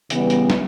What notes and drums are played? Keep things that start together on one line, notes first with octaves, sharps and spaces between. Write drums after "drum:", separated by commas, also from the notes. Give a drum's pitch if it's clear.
C#3 E3 G3 B3, drum: hi-hat
drum: hi-hat
drum: snare